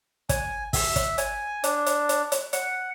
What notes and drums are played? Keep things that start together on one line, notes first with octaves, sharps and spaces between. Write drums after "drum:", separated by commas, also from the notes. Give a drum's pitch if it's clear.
G#5, drum: kick, hi-hat
E5, drum: kick, open hi-hat
drum: kick, hi-hat
G#5, drum: hi-hat
D4, drum: hi-hat
drum: hi-hat
drum: hi-hat
drum: hi-hat
F#5, drum: hi-hat